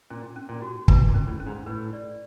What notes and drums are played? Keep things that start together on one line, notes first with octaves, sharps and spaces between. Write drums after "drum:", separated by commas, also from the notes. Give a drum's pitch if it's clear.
A#2 C#4
C#4
A#2
F#4
B2 B4, drum: kick
A#2
C#4
A2
C#4
G#2
A2 B4
D5